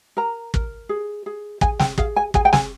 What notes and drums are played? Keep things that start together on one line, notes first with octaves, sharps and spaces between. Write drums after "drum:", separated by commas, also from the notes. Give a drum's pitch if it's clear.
A#4 A#5
A#4, drum: kick
G#4
G#4
G#4 G#5, drum: kick
G5, drum: snare
G#4 F5, drum: kick
G#5
G#4 G#5, drum: kick
G5
G#5, drum: snare